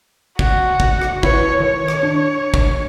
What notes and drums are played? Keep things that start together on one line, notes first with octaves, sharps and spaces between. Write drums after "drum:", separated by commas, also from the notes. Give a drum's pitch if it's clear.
F#4, drum: kick
drum: kick
drum: rim click
E4 B4 C#5, drum: kick
D#3 C#5
drum: rim click
D4
drum: kick